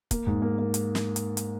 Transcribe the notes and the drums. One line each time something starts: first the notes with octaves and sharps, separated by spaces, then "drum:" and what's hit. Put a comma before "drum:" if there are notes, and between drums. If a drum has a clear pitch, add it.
A#3, drum: kick, hi-hat
G#2
A#3
A#3
drum: hi-hat
drum: snare
drum: hi-hat
drum: hi-hat